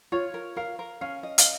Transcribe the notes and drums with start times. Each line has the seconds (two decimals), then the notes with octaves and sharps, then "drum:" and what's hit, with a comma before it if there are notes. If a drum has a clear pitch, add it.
0.12 F4 C#5
0.34 A#4
0.56 A#4 F5
0.79 A#4
1.01 C#4 F5
1.23 D#5
1.38 F5, drum: hi-hat